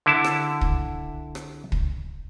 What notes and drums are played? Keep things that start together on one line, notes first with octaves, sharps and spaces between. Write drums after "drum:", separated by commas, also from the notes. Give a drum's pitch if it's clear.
D3 E4 A5
drum: rim click
drum: kick
drum: rim click
drum: kick